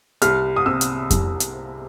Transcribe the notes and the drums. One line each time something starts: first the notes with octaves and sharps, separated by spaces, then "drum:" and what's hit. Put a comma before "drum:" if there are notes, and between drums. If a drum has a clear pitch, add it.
C2 F6, drum: hi-hat
D#6
C3 E6
drum: hi-hat
C2, drum: kick F2, hi-hat
drum: hi-hat